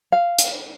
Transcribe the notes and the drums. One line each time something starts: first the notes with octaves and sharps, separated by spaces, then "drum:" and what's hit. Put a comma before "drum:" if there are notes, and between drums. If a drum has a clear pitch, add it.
F5
drum: hi-hat